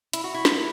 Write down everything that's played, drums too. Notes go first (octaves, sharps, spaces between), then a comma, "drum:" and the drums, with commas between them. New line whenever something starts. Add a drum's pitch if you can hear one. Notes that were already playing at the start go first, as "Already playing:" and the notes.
E4, drum: hi-hat
F#4
E4
drum: snare